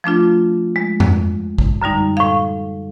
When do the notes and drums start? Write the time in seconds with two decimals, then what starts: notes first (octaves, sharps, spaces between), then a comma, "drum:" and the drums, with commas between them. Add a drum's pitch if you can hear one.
0.04 F3 A3 D4 F4
0.76 G#3
1.00 drum: tom F2
1.58 drum: kick A1
1.82 F#2 D3 G3 D#4
2.17 A2 F5